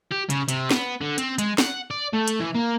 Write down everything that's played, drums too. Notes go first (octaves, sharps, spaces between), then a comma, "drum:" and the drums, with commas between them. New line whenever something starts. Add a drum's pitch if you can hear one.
G4
C#3, drum: hi-hat
C3, drum: hi-hat
B3, drum: snare
D3
C4, drum: hi-hat
G#3, drum: hi-hat
F#5, drum: snare
D5
A3
drum: hi-hat
E3
A#3